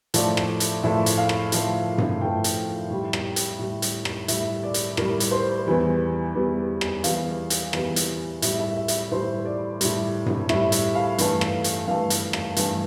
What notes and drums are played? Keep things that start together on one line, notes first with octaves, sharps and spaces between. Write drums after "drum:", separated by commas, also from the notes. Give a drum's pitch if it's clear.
A2 F3 A3 D5, drum: hi-hat
drum: rim click
drum: hi-hat
A2 F3 A3 E5
drum: hi-hat
F5
drum: rim click
A2 F3 A3, drum: hi-hat
drum: tom G2
A2 F3 A3 G5
drum: hi-hat
A2 G3
drum: rim click
drum: hi-hat
A2 G3
drum: hi-hat
drum: rim click
A2 G3 E5, drum: hi-hat
D5
drum: hi-hat
A2 G3 A#4, drum: rim click
drum: hi-hat
C5
E2 E3 G3
E2 E3 G3
drum: rim click
E2 E3 G3 F5, drum: hi-hat
drum: hi-hat
E2 E3 G3, drum: rim click
drum: hi-hat
A2 G3 E5, drum: hi-hat
E5
E5
drum: hi-hat
A2 G3 C5
D5
A2 G3, drum: hi-hat
drum: tom G2
A2 G3 E5, drum: rim click
E5, drum: hi-hat
F5
G2 E3 A3, drum: hi-hat
drum: rim click
drum: hi-hat
G2 E3 A3 F5
drum: hi-hat
drum: rim click
G2 E3 A3, drum: hi-hat